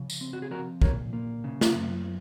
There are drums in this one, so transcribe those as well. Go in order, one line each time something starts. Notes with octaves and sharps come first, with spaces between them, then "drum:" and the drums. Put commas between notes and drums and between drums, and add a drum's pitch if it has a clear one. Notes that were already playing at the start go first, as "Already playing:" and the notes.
Already playing: C#3 F3
drum: tambourine
C4
F#4
G#4
F3 F#4 A#4
A#2 A#4 C#5, drum: kick
A#3
C#3
drum: snare
F#2